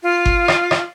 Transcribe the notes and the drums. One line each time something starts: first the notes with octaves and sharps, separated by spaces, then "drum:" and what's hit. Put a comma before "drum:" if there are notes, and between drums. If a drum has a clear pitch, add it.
F4
drum: kick G1
drum: rim click
drum: rim click